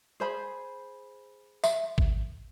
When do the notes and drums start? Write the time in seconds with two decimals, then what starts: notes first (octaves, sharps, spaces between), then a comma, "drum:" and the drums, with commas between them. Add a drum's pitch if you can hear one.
0.20 G#4 C5 B5
1.64 E5, drum: tambourine
1.98 drum: kick